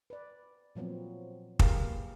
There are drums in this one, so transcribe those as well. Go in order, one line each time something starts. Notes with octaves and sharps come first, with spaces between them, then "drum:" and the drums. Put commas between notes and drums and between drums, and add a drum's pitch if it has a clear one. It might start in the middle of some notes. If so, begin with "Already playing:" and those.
B4 D5
A#2 F3 F#3 B3 C4
G4 G#4 A#4 B4 F5, drum: kick
A#3